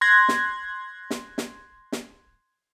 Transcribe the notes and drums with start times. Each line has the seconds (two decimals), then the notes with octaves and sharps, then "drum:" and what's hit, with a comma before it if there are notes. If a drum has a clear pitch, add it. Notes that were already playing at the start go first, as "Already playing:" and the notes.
0.01 C6 F#6 G#6 A#6
0.29 drum: snare
1.11 drum: snare
1.38 drum: snare
1.92 drum: snare